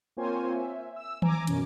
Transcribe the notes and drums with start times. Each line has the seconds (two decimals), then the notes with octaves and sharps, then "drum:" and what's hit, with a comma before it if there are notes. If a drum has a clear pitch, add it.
0.17 A#3 C4 F4 C5 C#5 G#5
0.55 E5
0.96 E6
1.22 G#5 A#5 D6, drum: tom D#3
1.47 F#2 B2 C#4, drum: hi-hat